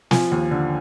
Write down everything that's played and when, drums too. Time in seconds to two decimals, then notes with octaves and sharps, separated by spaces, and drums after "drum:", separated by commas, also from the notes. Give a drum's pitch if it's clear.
0.11 F3 G#5, drum: snare
0.31 D#2
0.51 D3